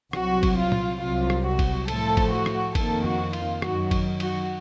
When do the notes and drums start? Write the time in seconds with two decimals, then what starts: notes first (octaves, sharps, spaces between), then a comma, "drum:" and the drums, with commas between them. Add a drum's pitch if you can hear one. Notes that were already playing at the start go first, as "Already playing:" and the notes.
0.13 C2 C3 F#3 F#4, drum: rim click
0.43 drum: kick G1, cymbal
0.57 F4
0.72 drum: tom
1.01 C2 C3 F#3 F4
1.30 drum: rim click
1.44 F#4
1.59 drum: kick G1, cymbal
1.88 A2 F3 A3 A4, drum: cymbal
2.17 drum: kick G1, cymbal
2.31 F#4
2.46 drum: rim click
2.75 F2 D#3 A#3 A4, drum: kick G1, cymbal
3.04 F#4, drum: tom
3.33 F4, drum: cymbal
3.62 F#2 D#3 F#3 F#4, drum: rim click
3.91 drum: kick G1, cymbal
4.20 F#4, drum: cymbal